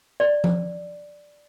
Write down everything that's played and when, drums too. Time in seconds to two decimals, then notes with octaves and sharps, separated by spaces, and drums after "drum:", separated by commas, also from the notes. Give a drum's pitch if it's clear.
0.20 D5
0.44 drum: tom F3